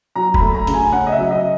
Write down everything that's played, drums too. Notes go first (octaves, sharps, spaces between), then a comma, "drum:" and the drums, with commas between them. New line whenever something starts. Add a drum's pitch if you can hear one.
F#3 A#5
B5, drum: kick
A3
A#5
C#3, drum: hi-hat
G#5
C#4 F#5
D#5
E5
F#3
D#5